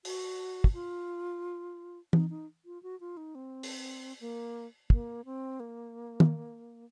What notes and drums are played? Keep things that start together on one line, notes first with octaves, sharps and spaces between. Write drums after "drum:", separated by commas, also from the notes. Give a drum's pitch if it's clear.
F#4, drum: open hi-hat
drum: kick
F4
D#4, drum: tom E3
D#4
F4
F#4
F4
D#4
C4
drum: open hi-hat
A#3
A#3, drum: kick
C4
A#3
drum: tom